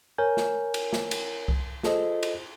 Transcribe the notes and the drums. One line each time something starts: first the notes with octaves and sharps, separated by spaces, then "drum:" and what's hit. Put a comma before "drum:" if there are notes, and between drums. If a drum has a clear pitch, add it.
A#4 C#5 G#5 G6
drum: snare
drum: cymbal
drum: snare
drum: cymbal
drum: kick C2
F4 G#4 A4 C5 D#5, drum: snare
drum: cymbal